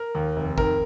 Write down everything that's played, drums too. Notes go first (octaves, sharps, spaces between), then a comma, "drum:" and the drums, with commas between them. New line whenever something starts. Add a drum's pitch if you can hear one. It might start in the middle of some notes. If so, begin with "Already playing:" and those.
Already playing: A#4
D#2
F1
D#3 A#4, drum: kick